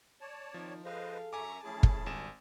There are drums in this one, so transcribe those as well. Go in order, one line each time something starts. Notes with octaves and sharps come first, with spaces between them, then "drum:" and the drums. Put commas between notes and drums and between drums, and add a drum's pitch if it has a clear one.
C#5 D5 A5
D#3 F3 C4 D#4
G#4 A4 B4 C5 D#5 F5
F#2 E5 G#5 A#5 C#6 D6
E3 F3 A3 C#4 E4 G#4 A5
drum: kick
G#1 D3 D#3 G3 G#5 E7